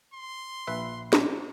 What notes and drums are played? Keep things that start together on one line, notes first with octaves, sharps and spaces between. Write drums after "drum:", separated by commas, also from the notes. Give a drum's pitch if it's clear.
C6
A#1 B4 E5
drum: snare